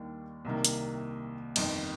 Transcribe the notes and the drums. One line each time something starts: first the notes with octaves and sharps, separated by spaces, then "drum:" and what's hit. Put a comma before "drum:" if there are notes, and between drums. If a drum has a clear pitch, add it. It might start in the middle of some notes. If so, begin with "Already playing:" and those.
Already playing: D#2 D#3 G3 A#3 D4
C2 C3 D#3 A#3
drum: hi-hat
G1 F2 D#3, drum: cymbal